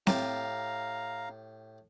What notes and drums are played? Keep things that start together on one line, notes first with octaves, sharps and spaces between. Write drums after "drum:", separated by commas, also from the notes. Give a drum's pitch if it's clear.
A2 G4 F5 A#5, drum: snare C4